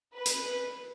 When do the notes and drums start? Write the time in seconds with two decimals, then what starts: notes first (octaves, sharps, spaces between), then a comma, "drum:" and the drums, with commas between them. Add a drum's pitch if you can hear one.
0.14 B4
0.25 drum: hi-hat